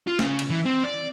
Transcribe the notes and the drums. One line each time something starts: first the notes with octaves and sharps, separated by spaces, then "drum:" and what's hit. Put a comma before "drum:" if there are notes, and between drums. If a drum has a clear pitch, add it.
F4
C#3, drum: snare
drum: cymbal
E3
C4
D5